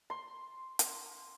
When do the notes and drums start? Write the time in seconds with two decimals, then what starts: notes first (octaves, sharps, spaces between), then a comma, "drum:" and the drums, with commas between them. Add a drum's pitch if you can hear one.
0.10 C6
0.79 drum: hi-hat